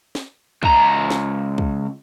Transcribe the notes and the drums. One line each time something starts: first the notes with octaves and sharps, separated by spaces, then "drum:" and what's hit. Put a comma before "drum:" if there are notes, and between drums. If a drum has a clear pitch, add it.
drum: snare
C#2 A#5, drum: kick
drum: snare
drum: kick